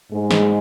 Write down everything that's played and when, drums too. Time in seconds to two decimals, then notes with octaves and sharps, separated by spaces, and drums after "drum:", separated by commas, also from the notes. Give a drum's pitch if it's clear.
0.12 G#2 G#3
0.31 drum: snare